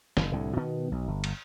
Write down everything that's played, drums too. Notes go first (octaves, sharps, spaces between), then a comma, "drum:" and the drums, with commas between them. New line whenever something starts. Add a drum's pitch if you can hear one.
F#1, drum: snare
C2 A2 D3
B2 D#3 B3
B1
G1
drum: cymbal